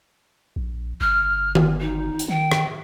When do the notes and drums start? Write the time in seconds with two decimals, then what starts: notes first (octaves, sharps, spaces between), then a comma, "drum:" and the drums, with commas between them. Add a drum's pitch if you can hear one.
0.56 A#1
1.01 G1 F6
1.55 drum: tom D#3
1.81 D#4
2.19 drum: hi-hat
2.28 D#3 G5
2.52 drum: rim click